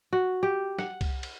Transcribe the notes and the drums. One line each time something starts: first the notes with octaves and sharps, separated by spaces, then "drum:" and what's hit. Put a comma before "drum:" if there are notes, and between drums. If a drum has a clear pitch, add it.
F#4
G4
F#5, drum: snare
drum: kick C2, cymbal
drum: cymbal